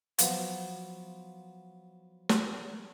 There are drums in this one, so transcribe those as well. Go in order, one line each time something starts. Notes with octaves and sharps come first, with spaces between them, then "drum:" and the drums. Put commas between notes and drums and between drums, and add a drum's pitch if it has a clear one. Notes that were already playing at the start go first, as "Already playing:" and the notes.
F3 F#3 B3, drum: hi-hat
drum: snare